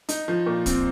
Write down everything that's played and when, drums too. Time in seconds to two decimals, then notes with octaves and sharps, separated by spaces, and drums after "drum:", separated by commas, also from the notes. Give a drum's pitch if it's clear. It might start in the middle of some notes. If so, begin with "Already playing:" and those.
0.09 D#4, drum: hi-hat
0.28 F3
0.46 A#2
0.66 C4, drum: kick, hi-hat